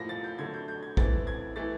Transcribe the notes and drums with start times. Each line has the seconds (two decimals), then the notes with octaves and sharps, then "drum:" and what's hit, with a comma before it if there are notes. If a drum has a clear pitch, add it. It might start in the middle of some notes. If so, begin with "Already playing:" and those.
Already playing: A2 F3 A#3 A#6
0.09 A6
0.24 G6
0.38 D3 F#3 A3 G#6
0.54 G6
0.68 G6
0.83 G#6
0.97 E3 A3 C4 E4 A6, drum: kick
1.27 G#6
1.56 E3 A3 A6